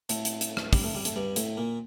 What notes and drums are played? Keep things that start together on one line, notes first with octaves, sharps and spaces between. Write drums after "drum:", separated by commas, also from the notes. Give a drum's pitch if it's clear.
A2 A3, drum: hi-hat
drum: hi-hat
drum: hi-hat
drum: rim click
G3, drum: kick, open hi-hat
A3
G3
A3, drum: hi-hat
G2 G3
A2 A3, drum: hi-hat
A#2 A#3